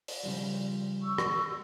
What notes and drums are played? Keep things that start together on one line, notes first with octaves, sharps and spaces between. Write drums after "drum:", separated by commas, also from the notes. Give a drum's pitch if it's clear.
drum: open hi-hat
C#3 F3 G3
C#6 E6
drum: rim click